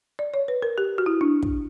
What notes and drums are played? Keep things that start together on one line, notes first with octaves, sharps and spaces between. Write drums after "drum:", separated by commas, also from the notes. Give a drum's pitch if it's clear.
D5
C#5
B4
A#4
G4
F#4
E4
D4
drum: kick